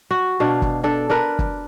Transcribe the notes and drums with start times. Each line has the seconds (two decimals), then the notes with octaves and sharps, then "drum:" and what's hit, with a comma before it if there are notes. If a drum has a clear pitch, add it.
0.11 F#4
0.40 B2 D4 F5
0.62 drum: kick
0.84 D4 A4
1.10 D4 A#4 B4
1.39 drum: kick